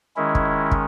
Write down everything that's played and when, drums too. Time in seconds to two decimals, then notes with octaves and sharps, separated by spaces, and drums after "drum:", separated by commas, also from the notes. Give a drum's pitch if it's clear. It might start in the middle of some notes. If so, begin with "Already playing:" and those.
0.16 D#3 G#3 C#4 E4
0.35 drum: kick
0.71 drum: kick